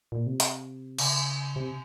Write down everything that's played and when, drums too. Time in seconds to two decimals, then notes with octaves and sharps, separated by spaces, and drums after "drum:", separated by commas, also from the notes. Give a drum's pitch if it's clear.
0.12 A#2
0.27 C3
0.40 drum: hi-hat
0.99 C#3, drum: cymbal
1.56 C3